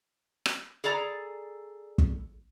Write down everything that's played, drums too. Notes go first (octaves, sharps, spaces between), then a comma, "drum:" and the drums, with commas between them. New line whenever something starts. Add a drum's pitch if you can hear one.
drum: rim click
G#4 A4 D5 A#5
drum: kick